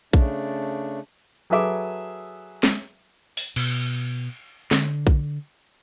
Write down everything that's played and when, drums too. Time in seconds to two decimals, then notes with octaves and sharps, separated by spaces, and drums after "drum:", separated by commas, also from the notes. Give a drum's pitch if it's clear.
0.13 C#3 A3 D4, drum: kick A#1
1.50 F#3 G#4 A4 B4 E5 D6
2.63 drum: snare
3.37 drum: open hi-hat
3.56 B2, drum: cymbal
4.71 D3, drum: snare
5.07 drum: kick A#1